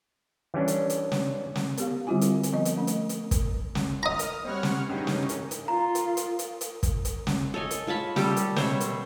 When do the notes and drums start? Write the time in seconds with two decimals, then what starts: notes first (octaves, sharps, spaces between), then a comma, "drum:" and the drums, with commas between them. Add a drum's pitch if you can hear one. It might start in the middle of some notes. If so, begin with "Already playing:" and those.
0.54 E3 G3 C#4 D4
0.68 drum: hi-hat
0.90 drum: hi-hat
1.12 drum: snare
1.55 drum: snare
1.77 B3 G4 F5, drum: hi-hat
2.07 D3 G3 C4 E4 F4 G#5
2.21 drum: hi-hat
2.43 drum: hi-hat
2.53 F3 B3 D#5
2.65 drum: hi-hat
2.77 A3 C#4
2.87 drum: hi-hat
3.09 drum: hi-hat
3.31 drum: kick, hi-hat
3.75 drum: snare
4.03 D#5 A#5 D#6 F6
4.19 drum: hi-hat
4.45 G3 C4 C#5 F#5 F6
4.63 drum: snare
4.89 G2 C#3 E3 C#4 D#4 G4
5.07 drum: snare
5.29 drum: hi-hat
5.51 drum: hi-hat
5.68 F4 A#5
5.95 drum: hi-hat
6.17 drum: hi-hat
6.39 drum: hi-hat
6.61 drum: hi-hat
6.83 drum: kick, hi-hat
7.05 drum: hi-hat
7.27 drum: snare
7.54 A4 C#5 D#5 G#5
7.71 drum: hi-hat
7.87 F4 C#5 A5 B5
8.16 G3 G4 A4 G5, drum: snare
8.37 drum: hi-hat
8.56 B2 C5 C#5 E5, drum: snare
8.80 drum: hi-hat